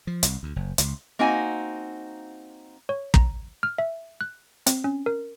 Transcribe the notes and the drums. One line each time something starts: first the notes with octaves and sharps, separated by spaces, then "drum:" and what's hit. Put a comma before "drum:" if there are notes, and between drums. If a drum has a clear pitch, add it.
F3
C2, drum: hi-hat
D2
F#1
C#2, drum: hi-hat
A#3 C4 D#4 F#4 G#5
C#5
A#5, drum: kick
F6
E5
F#6
C4, drum: hi-hat
C#4
A#4